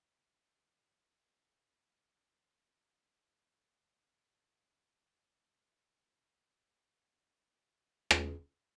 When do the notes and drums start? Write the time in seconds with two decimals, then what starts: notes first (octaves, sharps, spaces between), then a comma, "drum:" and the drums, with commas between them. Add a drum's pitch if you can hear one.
0.19 C4 C5 C#5 D#5 A#5
2.03 C#5
3.24 A4
4.52 F#2 D5 F#6 C#7 G7
6.71 D#2 A#3 F#4 G#5
7.26 C2 A#2 E4 B5
8.11 drum: rim click